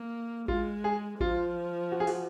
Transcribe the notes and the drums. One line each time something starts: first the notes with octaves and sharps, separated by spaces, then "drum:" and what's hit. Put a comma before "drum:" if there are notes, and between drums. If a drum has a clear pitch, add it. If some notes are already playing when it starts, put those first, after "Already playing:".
Already playing: A#3
G#3 F4, drum: kick A1
G#4
F3 F4, drum: kick A1
F#4
G#4
F#4, drum: open hi-hat